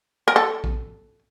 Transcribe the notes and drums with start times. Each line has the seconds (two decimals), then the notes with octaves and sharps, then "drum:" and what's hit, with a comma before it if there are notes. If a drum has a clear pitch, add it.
0.28 A#4
0.36 A4
0.64 drum: kick A#1